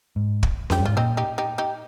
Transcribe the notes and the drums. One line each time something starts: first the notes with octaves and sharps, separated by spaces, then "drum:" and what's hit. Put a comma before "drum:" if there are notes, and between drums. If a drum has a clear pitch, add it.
G#2
drum: kick
F2 G4, drum: snare C#4
G2
G#2 F4
A#2 C4 D#4
D#4 G4
D#4 G4
D#4 G4